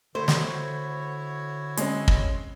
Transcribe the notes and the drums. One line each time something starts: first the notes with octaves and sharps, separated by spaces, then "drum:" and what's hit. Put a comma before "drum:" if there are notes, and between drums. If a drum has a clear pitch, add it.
D3 A3 E4 F#4 C5 C#5
drum: snare
G#3 C4 C#4, drum: hi-hat
drum: kick